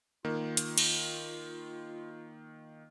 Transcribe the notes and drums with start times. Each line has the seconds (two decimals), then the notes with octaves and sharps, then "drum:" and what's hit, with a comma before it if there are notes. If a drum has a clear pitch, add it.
0.25 D#3 A#3 F4
0.57 drum: hi-hat
0.78 drum: cymbal